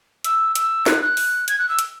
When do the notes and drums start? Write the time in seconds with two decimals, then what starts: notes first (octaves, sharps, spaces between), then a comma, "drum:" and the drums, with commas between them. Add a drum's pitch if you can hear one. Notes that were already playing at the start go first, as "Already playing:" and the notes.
0.24 E6, drum: hi-hat
0.55 E6, drum: hi-hat
0.86 F#6, drum: snare
1.02 F#6
1.17 drum: open hi-hat
1.48 G#6, drum: hi-hat
1.58 F#6
1.68 E6
1.79 drum: hi-hat